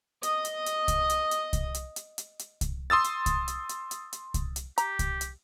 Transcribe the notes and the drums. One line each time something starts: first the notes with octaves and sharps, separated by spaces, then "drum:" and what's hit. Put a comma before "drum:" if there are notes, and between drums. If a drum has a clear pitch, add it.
D#5 D#6, drum: hi-hat
drum: hi-hat
drum: hi-hat
drum: kick C2, hi-hat
drum: hi-hat
drum: hi-hat
drum: kick C2, hi-hat
drum: hi-hat
drum: hi-hat
drum: hi-hat
drum: hi-hat
drum: kick C2, hi-hat
C6 D#6 E6 A6
drum: hi-hat
drum: kick C2, hi-hat
drum: hi-hat
drum: hi-hat
drum: hi-hat
drum: hi-hat
drum: kick C2, hi-hat
drum: hi-hat
G4 A#5, drum: hi-hat
drum: kick C2, hi-hat
drum: hi-hat